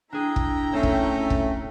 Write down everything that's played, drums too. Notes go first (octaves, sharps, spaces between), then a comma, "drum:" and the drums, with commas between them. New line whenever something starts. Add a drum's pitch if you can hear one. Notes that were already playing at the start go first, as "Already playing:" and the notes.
D4 E4 G#4 G5 A#5
drum: kick
A3 C4 C#4
drum: kick
drum: kick